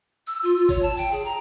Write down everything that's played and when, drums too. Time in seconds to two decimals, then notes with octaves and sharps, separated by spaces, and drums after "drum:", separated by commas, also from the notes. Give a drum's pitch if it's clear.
0.27 E6
0.43 F4
0.56 F4
0.69 C#5, drum: kick, tambourine
0.82 A5
0.97 G5, drum: tambourine
1.11 G#4
1.25 A#5